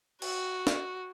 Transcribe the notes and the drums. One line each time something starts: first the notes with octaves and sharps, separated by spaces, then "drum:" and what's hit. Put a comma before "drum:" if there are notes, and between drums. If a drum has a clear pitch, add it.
F#4, drum: cymbal
drum: snare